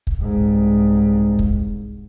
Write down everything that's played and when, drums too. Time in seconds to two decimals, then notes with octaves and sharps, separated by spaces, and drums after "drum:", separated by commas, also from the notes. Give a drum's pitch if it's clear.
0.07 drum: kick
0.22 C2 G#2
1.39 drum: kick